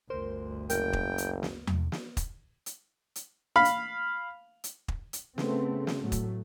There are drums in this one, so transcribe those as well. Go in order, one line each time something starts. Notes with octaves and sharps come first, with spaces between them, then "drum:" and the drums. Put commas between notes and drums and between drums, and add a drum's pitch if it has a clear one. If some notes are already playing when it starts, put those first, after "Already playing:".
G1 D2 A#4 C5 C6
F#1 A#4 G5, drum: hi-hat
drum: kick
drum: hi-hat
drum: snare
drum: tom E2
drum: snare
drum: kick, hi-hat
drum: hi-hat
drum: hi-hat
F5 B5 F6
drum: hi-hat
drum: hi-hat
drum: kick
drum: hi-hat
C#3 A3 B3 C4, drum: snare
drum: snare
A2 F#3 A3
drum: kick, hi-hat